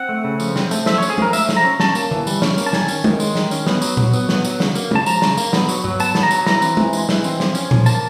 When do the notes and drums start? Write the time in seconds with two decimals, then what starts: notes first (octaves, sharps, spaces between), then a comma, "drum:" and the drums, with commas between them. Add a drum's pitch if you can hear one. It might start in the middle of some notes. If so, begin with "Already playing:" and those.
Already playing: C4 F#5
0.09 A3
0.24 C#3
0.40 F3, drum: tambourine
0.56 C4, drum: snare
0.71 A3, drum: tambourine
0.86 F3 E5, drum: snare
0.98 C#5
1.02 C#4, drum: tambourine
1.10 G#4
1.18 F3 A#4, drum: tom G#3
1.33 A3 E5, drum: tambourine
1.49 F3, drum: snare
1.57 A#5
1.64 C#4
1.80 C#4 A5, drum: snare
1.95 A#3, drum: tambourine
2.11 E3, drum: tom D3
2.27 G3, drum: tambourine
2.42 C#4, drum: snare
2.58 A#3, drum: tambourine
2.66 A5
2.73 D#3 G#5, drum: snare
2.88 C#4, drum: tambourine
3.04 D#3, drum: tom G#3
3.20 G#3, drum: tambourine
3.35 D#3, drum: snare
3.51 C#4, drum: tambourine
3.67 B3, drum: snare
3.82 F#3, drum: tambourine
3.97 F#3, drum: tom A#2
4.13 B3, drum: tambourine
4.29 B3, drum: snare
4.45 F#3, drum: tambourine
4.60 C#3, drum: snare
4.75 A#3, drum: tambourine
4.91 C#3 A5, drum: tom G#3
5.06 F3 A#5, drum: tambourine
5.22 C#3, drum: snare
5.37 A#3, drum: tambourine
5.53 B3, drum: snare
5.69 F#3, drum: tambourine
5.84 F#3, drum: tom G2
6.00 B3 A5, drum: tambourine
6.15 B3, drum: snare
6.23 A#5
6.31 F#3, drum: tambourine
6.46 E3 A#5, drum: snare
6.62 C4, drum: tambourine
6.77 E3, drum: tom G#3
6.93 G#3, drum: tambourine
7.09 E3, drum: snare
7.24 C4, drum: tambourine
7.40 F3, drum: snare
7.55 C#4, drum: tambourine
7.71 F3, drum: tom A#2
7.86 A#3 A5, drum: tambourine